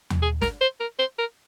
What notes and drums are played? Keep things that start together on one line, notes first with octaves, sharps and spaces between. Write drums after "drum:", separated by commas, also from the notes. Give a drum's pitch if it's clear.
drum: tom
G#4
A#4, drum: snare
C5
A#4
C5
A#4